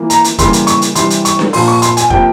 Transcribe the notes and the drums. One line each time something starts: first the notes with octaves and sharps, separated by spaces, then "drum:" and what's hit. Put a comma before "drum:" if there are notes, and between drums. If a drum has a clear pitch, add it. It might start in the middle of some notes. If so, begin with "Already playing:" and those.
Already playing: E3 A#3
A#5, drum: hi-hat
drum: hi-hat
C#3 E3 G3 A#3 C6, drum: kick, hi-hat
drum: hi-hat
C#6, drum: hi-hat
drum: hi-hat
C3 E3 G3 C6, drum: hi-hat
drum: hi-hat
C#6, drum: hi-hat
drum: snare D4
A#2 F3 A#3 C6, drum: open hi-hat
C#6
C6, drum: hi-hat
G#5, drum: hi-hat
C3 F3 A#3 G5, drum: kick